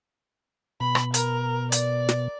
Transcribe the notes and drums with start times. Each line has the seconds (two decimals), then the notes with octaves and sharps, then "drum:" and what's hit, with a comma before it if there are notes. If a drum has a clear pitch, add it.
0.80 B2 B5
0.95 drum: rim click
1.14 A#4, drum: hi-hat
1.72 D5, drum: hi-hat
2.09 drum: snare